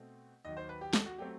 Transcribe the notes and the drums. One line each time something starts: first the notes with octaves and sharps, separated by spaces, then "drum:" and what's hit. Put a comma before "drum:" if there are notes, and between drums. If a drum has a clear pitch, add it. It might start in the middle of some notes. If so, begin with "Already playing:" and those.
Already playing: B2 A3 C4
D#2 D#3 F#3 D#5
C5
B4
G4
A4, drum: snare
F#4
F#3 A3 C4 G4